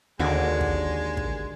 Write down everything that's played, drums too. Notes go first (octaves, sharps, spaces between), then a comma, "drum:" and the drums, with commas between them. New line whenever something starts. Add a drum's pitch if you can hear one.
D#2 D3 G#3 F#4 D6
drum: kick
drum: kick